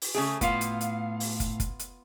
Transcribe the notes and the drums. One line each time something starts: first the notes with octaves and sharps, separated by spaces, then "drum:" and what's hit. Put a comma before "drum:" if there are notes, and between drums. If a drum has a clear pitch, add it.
drum: open hi-hat
C#3 A3 G#4
A2 B3 F4 F5, drum: kick, hi-hat
drum: hi-hat
drum: hi-hat
drum: open hi-hat
drum: kick, hi-hat
drum: kick, hi-hat
drum: hi-hat